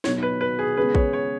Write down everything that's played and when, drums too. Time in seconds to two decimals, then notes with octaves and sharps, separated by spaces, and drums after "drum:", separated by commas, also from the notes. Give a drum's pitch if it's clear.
0.04 B2 F#3 D#4 F#4 C#5, drum: snare
0.23 B4
0.41 B4
0.59 G#4
0.77 C#3 G#3 B3 B4
0.95 C#5, drum: kick A1
1.13 C#5